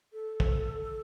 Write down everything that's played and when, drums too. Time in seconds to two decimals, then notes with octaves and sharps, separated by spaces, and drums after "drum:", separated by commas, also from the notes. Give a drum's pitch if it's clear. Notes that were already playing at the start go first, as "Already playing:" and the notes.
0.13 A4
0.40 drum: kick